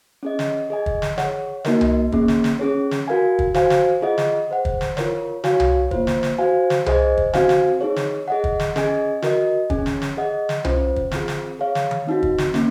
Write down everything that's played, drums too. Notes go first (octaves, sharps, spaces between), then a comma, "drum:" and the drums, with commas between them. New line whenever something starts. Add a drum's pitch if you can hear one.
C#4 G#4 D#5
drum: snare
G#4 D#5 G#5
drum: kick
drum: snare
G#4 C#5 F#5, drum: snare
A#3 D#4 F#4 A#4 D#5, drum: snare
drum: tom C2
A#3 C#4 G#4, drum: kick
drum: snare
drum: snare
C#4 G#4 C#5
drum: snare
F#4 A#4 F5 G#5
drum: kick
F#4 C5 F5 G#5, drum: snare
drum: snare
F4 G#4 D#5 F#5
drum: snare
G#4 C5 F#5
drum: kick
drum: snare
F4 A#4 C#5, drum: snare
F#4 C#5 F5 G#5, drum: snare
drum: tom C2
A#3 F4 C5, drum: kick
drum: snare
drum: snare
F#4 C5 F5 G#5
drum: snare
G#4 C5 D#5 G#5, drum: tom C2
drum: kick
C4 F#4 C5 F5 G#5, drum: snare
drum: snare
D#4 G#4 C#5
drum: snare
G#4 D#5 F#5
drum: kick
drum: snare
C#4 G#4 D#5 G#5, drum: snare
F#4 A#4 D#5, drum: snare
C#4 G#4 C#5 G#5, drum: kick
drum: snare
drum: snare
G#4 D#5 F#5
drum: snare
C#4 F4 C5, drum: tom C2
drum: kick
C4 F4 G#4, drum: snare
drum: snare
G#4 C#5 F5
drum: snare
drum: tom D#3
C4 D#4 F#4
drum: kick
drum: snare
A#3 C#4, drum: snare